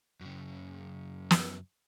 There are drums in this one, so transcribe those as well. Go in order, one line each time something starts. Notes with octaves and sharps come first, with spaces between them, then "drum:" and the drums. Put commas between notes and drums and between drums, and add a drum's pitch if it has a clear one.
F#2 C#3
drum: snare